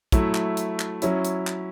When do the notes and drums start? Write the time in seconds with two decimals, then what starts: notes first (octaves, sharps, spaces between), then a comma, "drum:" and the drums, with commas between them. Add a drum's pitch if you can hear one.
0.12 F#3 A3 E4, drum: kick, hi-hat
0.35 drum: clap
0.57 drum: hi-hat
0.80 drum: clap
1.02 F#3 C#4 E4, drum: hi-hat
1.25 drum: hi-hat
1.47 drum: clap